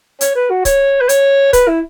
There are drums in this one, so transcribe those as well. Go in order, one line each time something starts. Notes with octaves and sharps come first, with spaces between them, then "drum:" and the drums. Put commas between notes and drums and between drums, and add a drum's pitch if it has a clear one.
C#5, drum: hi-hat
B4
F#4
C#5, drum: kick C#1, hi-hat
B4
C#5, drum: hi-hat
B4, drum: kick C#1, hi-hat
E4